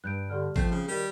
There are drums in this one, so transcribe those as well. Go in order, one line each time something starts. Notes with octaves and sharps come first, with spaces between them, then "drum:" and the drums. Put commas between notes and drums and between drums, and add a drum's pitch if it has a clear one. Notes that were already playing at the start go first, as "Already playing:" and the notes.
G2 F#6 G6 D7
D3 G4 D5 F6
F3 A3 C4 G6 C7, drum: kick
C#3
D#3 G3 A#4 E5